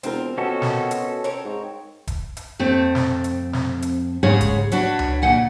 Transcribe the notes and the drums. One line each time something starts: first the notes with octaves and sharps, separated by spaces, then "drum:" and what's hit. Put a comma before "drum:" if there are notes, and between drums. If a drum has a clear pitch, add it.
E1 C4 F4 A#4, drum: hi-hat
B2 C#4 F#4 A4
drum: snare
drum: hi-hat
C4 A#4 C#5
G#2
drum: kick E1, hi-hat
drum: hi-hat
F2 A3 C4
drum: snare
drum: hi-hat
drum: snare
drum: hi-hat
G#2 C#3 G#3 G#4 C#5
drum: kick E1, hi-hat
D4 F#4 B4 C#5, drum: hi-hat
drum: tom C#2
D2 A#2 F#5 G#5